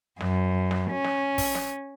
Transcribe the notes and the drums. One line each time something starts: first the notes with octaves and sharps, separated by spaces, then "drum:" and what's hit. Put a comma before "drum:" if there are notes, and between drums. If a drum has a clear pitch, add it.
F#2, drum: snare
drum: snare
C#4
drum: snare
drum: kick, open hi-hat
drum: snare